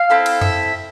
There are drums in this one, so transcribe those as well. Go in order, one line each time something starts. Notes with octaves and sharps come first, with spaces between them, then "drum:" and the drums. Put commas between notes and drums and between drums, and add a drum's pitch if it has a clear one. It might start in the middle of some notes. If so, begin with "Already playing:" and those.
Already playing: F5
C4 E4 A4
drum: cymbal
E5, drum: tom F2